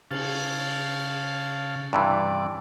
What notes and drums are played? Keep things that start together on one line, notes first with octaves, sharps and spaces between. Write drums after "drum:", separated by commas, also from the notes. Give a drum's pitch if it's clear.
C#3 F5 A5, drum: cymbal
G2 C3 E3 D5